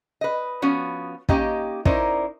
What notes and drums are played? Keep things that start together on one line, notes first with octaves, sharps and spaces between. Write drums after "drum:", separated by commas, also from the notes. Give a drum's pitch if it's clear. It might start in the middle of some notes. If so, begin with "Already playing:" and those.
B4 D#5
F3 B3 C#4 F#4
A#3 C#4 D#4 G4 D#5, drum: kick
C#4 D#4 E4 A#4 C5 D5, drum: kick